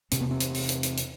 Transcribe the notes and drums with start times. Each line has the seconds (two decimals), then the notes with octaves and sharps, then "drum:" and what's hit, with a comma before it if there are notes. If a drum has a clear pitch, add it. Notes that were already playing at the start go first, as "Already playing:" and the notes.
0.11 E2 C3 C4, drum: hi-hat
0.21 B3
0.31 C4
0.40 drum: hi-hat
0.54 drum: open hi-hat
0.69 drum: hi-hat
0.83 drum: hi-hat
0.97 drum: hi-hat